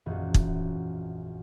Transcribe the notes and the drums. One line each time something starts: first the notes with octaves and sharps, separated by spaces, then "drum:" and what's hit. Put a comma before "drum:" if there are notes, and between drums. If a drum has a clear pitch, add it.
E1 A#1 F#2 E3 F#5
drum: kick